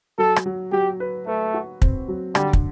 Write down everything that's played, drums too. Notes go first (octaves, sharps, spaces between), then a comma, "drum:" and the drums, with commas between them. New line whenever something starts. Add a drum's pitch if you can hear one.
F#3 A4
drum: rim click
F#3
F#3 G4
B4
A3 B4
F#4
C4, drum: kick
F#3
D3 G3, drum: rim click
drum: kick